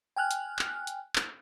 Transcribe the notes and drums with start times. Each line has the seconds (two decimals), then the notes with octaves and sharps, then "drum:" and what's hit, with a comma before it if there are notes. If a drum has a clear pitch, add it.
0.16 G5 G#5 F6 F#6
0.31 drum: hi-hat
0.59 drum: clap
0.87 drum: hi-hat
1.16 drum: clap